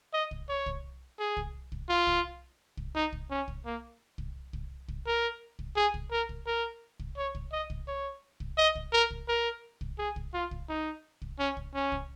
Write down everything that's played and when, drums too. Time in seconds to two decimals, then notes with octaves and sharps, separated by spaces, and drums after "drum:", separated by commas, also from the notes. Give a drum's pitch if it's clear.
0.14 D#5
0.31 drum: kick
0.49 C#5
0.66 drum: kick
1.19 G#4
1.37 drum: kick
1.72 drum: kick
1.89 F4
2.07 drum: kick
2.77 drum: kick
2.95 D#4
3.13 drum: kick
3.30 C#4
3.48 drum: kick
3.65 A#3
4.18 drum: kick
4.53 drum: kick
4.88 drum: kick
5.07 A#4
5.59 drum: kick
5.76 G#4
5.94 drum: kick
6.11 A#4
6.29 drum: kick
6.46 A#4
6.99 drum: kick
7.17 C#5
7.35 drum: kick
7.52 D#5
7.70 drum: kick
7.88 C#5
8.40 drum: kick
8.58 D#5
8.75 drum: kick
8.93 A#4
9.11 drum: kick
9.28 A#4
9.81 drum: kick
9.99 G#4
10.16 drum: kick
10.34 F4
10.51 drum: kick
10.69 D#4
11.22 drum: kick
11.39 C#4
11.57 drum: kick
11.75 C#4
11.92 drum: kick